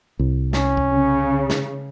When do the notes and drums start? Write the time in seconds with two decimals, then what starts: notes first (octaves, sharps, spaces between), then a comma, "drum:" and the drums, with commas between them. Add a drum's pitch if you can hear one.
0.19 C2
0.53 C#4, drum: snare
0.77 drum: kick C2
0.93 C#3
1.50 drum: snare